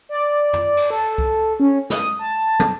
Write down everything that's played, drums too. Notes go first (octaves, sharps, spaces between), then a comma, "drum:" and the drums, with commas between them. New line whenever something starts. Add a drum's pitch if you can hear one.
D5
drum: tom
drum: cymbal
A4
drum: kick C2
C#4
D#6, drum: snare
A5
drum: tom